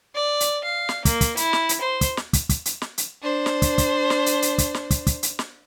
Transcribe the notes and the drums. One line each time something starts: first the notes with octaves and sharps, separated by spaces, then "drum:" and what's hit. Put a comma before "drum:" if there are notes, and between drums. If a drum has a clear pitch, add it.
D5
drum: hi-hat
F5
drum: snare
A#3, drum: kick, hi-hat
drum: kick, hi-hat
E4, drum: hi-hat
drum: snare
drum: hi-hat
C5
drum: kick, hi-hat
drum: snare
drum: kick, hi-hat
drum: kick, hi-hat
drum: hi-hat
drum: snare
drum: hi-hat
D4 C5
drum: snare
drum: kick, hi-hat
drum: kick, hi-hat
drum: snare
drum: hi-hat
drum: hi-hat
drum: kick, hi-hat
drum: snare
drum: kick, hi-hat
drum: kick, hi-hat
drum: hi-hat
drum: snare